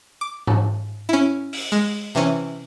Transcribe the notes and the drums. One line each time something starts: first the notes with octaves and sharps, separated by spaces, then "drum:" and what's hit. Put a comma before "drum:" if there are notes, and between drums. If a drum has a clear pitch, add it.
D6
drum: tom G#2
C#4 E4
drum: open hi-hat
G#3
C3 E3 C#4